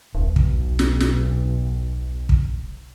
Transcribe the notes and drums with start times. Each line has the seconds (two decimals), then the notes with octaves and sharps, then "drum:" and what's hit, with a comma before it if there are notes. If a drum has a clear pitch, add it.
0.15 D#1 B1
0.36 drum: kick
0.79 drum: snare
1.00 drum: snare
2.29 drum: kick